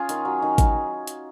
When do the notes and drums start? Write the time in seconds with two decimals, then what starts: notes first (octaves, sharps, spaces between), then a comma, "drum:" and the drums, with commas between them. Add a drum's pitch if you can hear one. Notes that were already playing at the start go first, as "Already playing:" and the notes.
Already playing: C#4 F4 G#4
0.09 D#3, drum: hi-hat
0.25 F#3
0.42 D#3
0.58 drum: kick G#1, hi-hat
1.07 drum: hi-hat